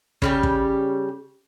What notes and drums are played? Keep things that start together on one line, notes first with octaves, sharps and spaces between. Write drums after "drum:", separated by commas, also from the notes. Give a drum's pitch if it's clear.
C#3 G3 C#4 G4, drum: kick
drum: kick